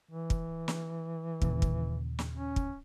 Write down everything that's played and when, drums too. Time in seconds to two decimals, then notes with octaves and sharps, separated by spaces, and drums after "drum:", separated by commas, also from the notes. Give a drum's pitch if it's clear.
0.11 E3
0.30 drum: kick
0.68 drum: snare
1.42 D#2 A#2 C#3, drum: kick
1.62 drum: kick
2.19 drum: snare
2.33 C#4
2.56 drum: kick